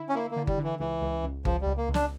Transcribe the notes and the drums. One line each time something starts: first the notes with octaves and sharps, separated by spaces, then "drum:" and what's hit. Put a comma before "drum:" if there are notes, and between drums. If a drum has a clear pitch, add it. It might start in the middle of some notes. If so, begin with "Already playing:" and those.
Already playing: D3 E4
C#4
A#3 E4
A#3
D3
G3, drum: kick G1
D3
E3
C#2 E3
C#2
C#2
C#2 F3, drum: kick G1
G3
C#2
A#3
C#2
D4, drum: snare